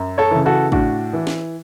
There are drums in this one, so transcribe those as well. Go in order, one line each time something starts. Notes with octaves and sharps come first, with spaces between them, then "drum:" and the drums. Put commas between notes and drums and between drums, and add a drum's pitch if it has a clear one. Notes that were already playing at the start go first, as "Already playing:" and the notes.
Already playing: F#2
A4 C#5
C#3 E3
F#4 A4
A2 D4 F#4, drum: kick
E3
drum: snare